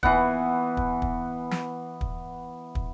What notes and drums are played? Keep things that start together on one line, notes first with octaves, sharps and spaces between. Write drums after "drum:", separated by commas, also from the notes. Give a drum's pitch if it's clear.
E3 B3 F#5, drum: kick
drum: kick
drum: kick
drum: snare
drum: kick
drum: kick